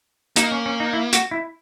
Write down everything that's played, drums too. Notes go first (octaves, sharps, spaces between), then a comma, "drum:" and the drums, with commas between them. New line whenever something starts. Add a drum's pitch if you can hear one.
A#3 D#4, drum: hi-hat
C#4
C#4
D#4
E4
F#4, drum: hi-hat
E4